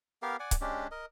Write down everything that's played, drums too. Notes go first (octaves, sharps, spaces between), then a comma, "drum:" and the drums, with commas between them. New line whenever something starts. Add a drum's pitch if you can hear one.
B3 G4 A#4 F5
D5 F#5 G#5
drum: kick C#1, hi-hat
G#3 C#4 D4 G4
A#4 D#5